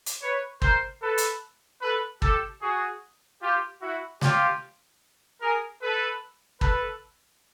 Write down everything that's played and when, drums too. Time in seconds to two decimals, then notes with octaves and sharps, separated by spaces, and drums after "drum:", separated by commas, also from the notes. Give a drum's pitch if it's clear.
0.06 drum: hi-hat
0.22 B4 C#5
0.62 A#4 C5, drum: kick
1.02 A4 B4
1.18 drum: hi-hat
1.82 A4 B4
2.22 G4 A4, drum: kick
2.61 F#4 G#4
3.42 F4 G4
3.82 E4 F#4
4.21 F4 G4, drum: snare
5.41 G#4 A#4
5.82 A4 B4
6.61 A4 B4, drum: kick